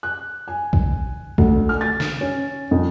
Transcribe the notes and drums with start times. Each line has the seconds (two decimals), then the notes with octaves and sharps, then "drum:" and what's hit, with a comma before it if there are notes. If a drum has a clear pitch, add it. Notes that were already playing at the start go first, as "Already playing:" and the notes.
0.03 F#6
0.48 G#5
0.73 drum: kick
1.38 D2, drum: kick
1.69 F6
1.81 A6
2.00 drum: snare
2.21 C#4
2.71 F2